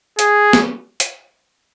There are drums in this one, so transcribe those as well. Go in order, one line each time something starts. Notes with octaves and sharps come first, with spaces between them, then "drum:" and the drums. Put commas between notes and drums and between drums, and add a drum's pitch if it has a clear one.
G#4, drum: hi-hat
drum: snare
drum: hi-hat